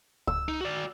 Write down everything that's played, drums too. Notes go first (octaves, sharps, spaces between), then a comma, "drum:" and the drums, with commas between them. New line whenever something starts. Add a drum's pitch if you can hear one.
E6, drum: kick C#2
D#4
F#4 D5